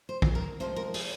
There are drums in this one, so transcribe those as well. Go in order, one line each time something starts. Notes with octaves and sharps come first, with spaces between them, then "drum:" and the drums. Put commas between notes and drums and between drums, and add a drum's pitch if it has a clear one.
C5
drum: kick
A#4
C3 F3 G#3 C5
A#4
G#4, drum: open hi-hat